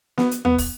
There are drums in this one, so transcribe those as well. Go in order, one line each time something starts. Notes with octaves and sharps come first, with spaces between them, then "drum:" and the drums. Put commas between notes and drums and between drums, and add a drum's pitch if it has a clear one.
B3, drum: snare
drum: hi-hat
B3, drum: tom D#2
drum: kick, open hi-hat